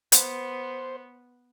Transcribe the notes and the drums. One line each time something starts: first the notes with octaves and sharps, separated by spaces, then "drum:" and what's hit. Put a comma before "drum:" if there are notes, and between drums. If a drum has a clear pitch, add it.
B3 C5, drum: hi-hat